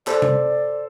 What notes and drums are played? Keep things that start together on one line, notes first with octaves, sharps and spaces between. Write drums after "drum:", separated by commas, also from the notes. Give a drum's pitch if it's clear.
A4 C5 D5, drum: clap
drum: tom C3